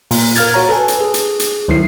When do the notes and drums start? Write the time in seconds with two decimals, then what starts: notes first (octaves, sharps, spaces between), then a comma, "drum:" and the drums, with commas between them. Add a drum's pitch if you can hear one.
0.11 A#2, drum: open hi-hat
0.36 A#4 F5 F6 G#6 A6, drum: hi-hat
0.54 F#4 C#5 A#5
0.69 A4 B4 G#5 A5
0.88 drum: hi-hat
1.01 G#4
1.14 drum: hi-hat
1.40 drum: hi-hat
1.68 D2 D#3 F#3 E4 C7